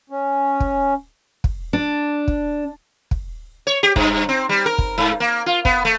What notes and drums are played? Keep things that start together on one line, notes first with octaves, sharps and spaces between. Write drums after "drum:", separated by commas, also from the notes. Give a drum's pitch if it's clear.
C#4
drum: kick
drum: kick
D4
drum: kick
drum: kick
C#5
G4
G2, drum: kick
C4
G3
A#4
drum: kick
G#2
A#3
F4
B3, drum: kick
A3